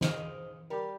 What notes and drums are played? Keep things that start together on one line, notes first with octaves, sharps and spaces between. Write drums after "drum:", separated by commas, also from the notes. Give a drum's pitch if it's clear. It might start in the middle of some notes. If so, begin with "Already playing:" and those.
G#4 C5 D#5 F5, drum: snare
G3 A#4 D5